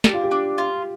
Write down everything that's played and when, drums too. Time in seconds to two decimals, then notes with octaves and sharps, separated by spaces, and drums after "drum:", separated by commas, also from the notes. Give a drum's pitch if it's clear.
0.04 D4 G4, drum: snare
0.13 F4
0.24 G4
0.31 D4
0.58 F4